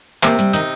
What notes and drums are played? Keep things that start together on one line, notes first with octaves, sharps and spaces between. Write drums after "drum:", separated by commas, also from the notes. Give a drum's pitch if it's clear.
C3 A#3, drum: clap
G3, drum: hi-hat
D#3 D#4, drum: hi-hat